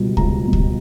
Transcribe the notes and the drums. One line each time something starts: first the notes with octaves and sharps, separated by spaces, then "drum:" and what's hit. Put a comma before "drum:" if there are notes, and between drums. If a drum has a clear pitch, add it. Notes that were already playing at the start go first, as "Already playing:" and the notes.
Already playing: C#2 B2 G3
C#2 A#5, drum: kick C#2
B2 G3
drum: kick C#2